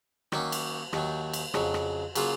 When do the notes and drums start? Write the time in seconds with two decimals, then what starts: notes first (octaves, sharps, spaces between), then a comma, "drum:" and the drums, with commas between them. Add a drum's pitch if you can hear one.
0.32 D#3 F#3 A#3 C#4, drum: rim click
0.52 drum: cymbal
0.93 D#2 D#3 F#3, drum: rim click
1.33 drum: cymbal
1.54 F2 C#3 F#3, drum: rim click
1.74 drum: rim click
2.15 C#3 F#3 A#3 F4, drum: cymbal